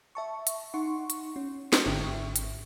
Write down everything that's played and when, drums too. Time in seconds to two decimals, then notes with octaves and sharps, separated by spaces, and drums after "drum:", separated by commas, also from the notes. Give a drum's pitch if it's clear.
0.15 E5 A5 C#6
0.47 drum: hi-hat
0.74 D#4 F#5 C6 C#6
1.10 drum: hi-hat
1.36 C#4
1.73 drum: snare
1.86 G#1 G#2 D3 E5 G5 C#6
2.36 drum: hi-hat